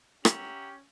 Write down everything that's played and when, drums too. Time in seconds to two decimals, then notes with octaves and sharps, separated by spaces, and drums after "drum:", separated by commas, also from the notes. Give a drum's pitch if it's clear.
0.25 C#4 G4 E5 F#5 A#5, drum: rim click